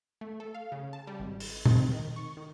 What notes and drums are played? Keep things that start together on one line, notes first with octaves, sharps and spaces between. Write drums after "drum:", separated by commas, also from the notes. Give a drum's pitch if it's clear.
A3
A4
F5
C#3
A5
G3
G#1
E7, drum: open hi-hat
C4, drum: tom A#2
D#3
C#6
D#3